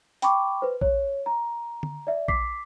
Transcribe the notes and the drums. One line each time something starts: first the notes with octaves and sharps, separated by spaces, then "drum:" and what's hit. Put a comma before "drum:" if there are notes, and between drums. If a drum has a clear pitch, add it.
G5 B5 C#6 D6, drum: hi-hat
B4 C5
C#5, drum: kick A#1
A#5
drum: tom D3
D5 E5
D6 B6 C7, drum: kick A#1